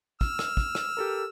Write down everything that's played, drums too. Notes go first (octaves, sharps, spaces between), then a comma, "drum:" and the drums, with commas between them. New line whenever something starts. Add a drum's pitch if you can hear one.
E6 F6, drum: kick
drum: rim click
drum: kick
drum: rim click
G4 A4 A#4